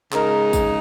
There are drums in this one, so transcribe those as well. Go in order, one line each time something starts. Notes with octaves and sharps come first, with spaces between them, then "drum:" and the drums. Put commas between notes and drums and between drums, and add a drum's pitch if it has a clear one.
C#3 G#3 D#4 A#4, drum: clap
drum: kick, tambourine